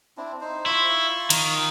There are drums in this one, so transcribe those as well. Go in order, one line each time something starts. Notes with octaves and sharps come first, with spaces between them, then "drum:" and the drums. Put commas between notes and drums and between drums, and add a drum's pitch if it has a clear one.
C4 D4 E4
D#4 C5
E4 F4 C6 C#6
D#3, drum: cymbal